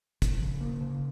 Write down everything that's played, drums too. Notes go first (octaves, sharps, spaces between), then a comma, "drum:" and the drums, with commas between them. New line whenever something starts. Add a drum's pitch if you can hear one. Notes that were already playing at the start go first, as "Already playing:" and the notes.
F3, drum: kick, hi-hat
C#3
A#3
C#3